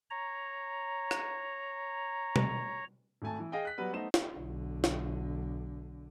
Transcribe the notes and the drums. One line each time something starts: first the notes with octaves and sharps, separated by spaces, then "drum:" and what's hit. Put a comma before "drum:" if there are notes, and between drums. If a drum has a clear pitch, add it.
C#5 A#5
drum: rim click
drum: tom
G#1 A3 G#5 A5
E3
G#4 D#5 F5 G5
F#6 B6
F#3 G3 B3 B4
A3 B3 D#4 C5 E7
drum: snare
B1 D3
drum: snare